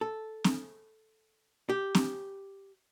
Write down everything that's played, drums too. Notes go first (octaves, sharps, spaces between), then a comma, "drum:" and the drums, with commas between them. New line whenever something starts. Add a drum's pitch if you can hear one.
A4
drum: snare C4
G4
drum: snare C4